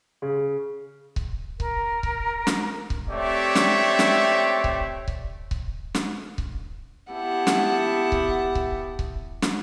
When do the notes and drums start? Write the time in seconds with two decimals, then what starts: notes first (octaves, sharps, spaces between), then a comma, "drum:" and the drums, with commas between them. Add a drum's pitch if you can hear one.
0.22 C#3
1.16 drum: kick C#1
1.60 A#4, drum: kick C#1
2.03 drum: kick C#1
2.47 drum: snare
2.90 drum: kick C#1
3.09 A3 C4 G4 C#5 D5 E5
3.55 drum: snare
3.99 drum: snare
4.64 drum: kick C#1
5.08 drum: kick C#1
5.51 drum: kick C#1
5.95 drum: snare
6.38 drum: kick C#1
7.12 B3 E4 G4 F#5 A5
7.47 drum: snare
8.12 drum: kick C#1
8.55 drum: kick C#1
8.99 drum: kick C#1
9.42 drum: snare